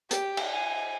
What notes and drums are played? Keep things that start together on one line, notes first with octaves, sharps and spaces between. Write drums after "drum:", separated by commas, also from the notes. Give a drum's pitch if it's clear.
G4, drum: hi-hat
drum: cymbal
G#5